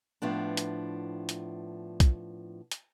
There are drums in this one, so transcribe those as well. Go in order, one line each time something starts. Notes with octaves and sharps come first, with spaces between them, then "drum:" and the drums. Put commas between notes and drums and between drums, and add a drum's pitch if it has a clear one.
A2 F3 B3 D4
drum: hi-hat
drum: hi-hat
drum: kick, hi-hat
drum: hi-hat